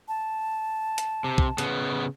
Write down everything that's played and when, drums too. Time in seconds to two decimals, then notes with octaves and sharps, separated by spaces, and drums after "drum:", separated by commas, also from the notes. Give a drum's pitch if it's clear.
0.08 A5
0.98 drum: hi-hat
1.24 C3
1.38 drum: kick B1
1.58 C#3 B3, drum: hi-hat